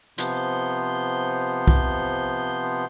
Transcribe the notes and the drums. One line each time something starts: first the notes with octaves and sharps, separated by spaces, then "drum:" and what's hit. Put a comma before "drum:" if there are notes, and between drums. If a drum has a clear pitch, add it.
C3 F3 B3 C6 G6, drum: hi-hat
drum: kick